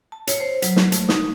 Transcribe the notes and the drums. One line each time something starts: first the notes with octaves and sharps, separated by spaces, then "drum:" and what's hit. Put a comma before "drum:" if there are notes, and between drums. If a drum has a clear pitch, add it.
A5
C#5, drum: hi-hat
C5
F#3, drum: hi-hat
drum: snare
A3, drum: hi-hat
D#4, drum: snare